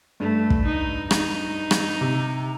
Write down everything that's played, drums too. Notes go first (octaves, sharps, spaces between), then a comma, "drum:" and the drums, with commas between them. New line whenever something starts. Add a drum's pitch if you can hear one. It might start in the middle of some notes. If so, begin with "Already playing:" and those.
G2 A3
drum: kick
D#4
D#4, drum: rim click
drum: rim click
C3